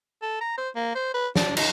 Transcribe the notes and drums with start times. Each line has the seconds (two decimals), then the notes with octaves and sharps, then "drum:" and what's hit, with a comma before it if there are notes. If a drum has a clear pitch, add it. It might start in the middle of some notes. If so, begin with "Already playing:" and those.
0.22 A4
0.41 A#5
0.57 C5
0.75 A#3
0.95 C5
1.14 B4
1.36 D4, drum: snare
1.57 D#4, drum: cymbal